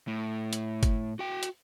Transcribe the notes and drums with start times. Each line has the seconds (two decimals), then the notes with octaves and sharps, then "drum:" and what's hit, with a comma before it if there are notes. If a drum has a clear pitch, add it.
0.08 A2
0.53 drum: hi-hat
0.83 drum: kick G1, hi-hat
1.19 F#4 G5
1.43 drum: hi-hat